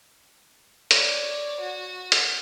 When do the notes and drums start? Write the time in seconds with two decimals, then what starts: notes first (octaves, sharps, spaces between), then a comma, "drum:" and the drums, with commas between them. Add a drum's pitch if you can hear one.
0.91 C#5 D5, drum: hi-hat
1.60 F#4
2.12 drum: hi-hat